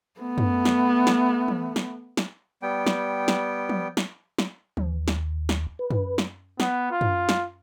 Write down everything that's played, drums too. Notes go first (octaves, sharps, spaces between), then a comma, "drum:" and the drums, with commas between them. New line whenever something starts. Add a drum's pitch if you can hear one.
A3 B3
drum: tom F#2
drum: snare
drum: snare
drum: tom E3
drum: snare
drum: snare
G3 B3 G5
drum: snare
drum: snare
drum: tom F3
drum: snare
drum: snare
D#2, drum: tom E3
drum: snare
drum: snare
B4
drum: tom F#2
drum: snare
B3, drum: snare
F4
drum: tom F#2
drum: snare